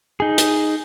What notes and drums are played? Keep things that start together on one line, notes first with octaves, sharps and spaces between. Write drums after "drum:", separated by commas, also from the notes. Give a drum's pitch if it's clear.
D#4 G#4
drum: hi-hat